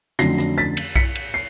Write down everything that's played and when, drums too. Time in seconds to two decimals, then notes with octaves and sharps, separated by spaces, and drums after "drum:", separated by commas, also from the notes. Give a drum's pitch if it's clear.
0.19 F2 D3 F#3 A3 C#4 A#6 C7, drum: rim click
0.38 drum: rim click
0.58 A6 B6
0.77 drum: cymbal
0.96 B6 C#7, drum: kick B1
1.15 drum: cymbal
1.34 C7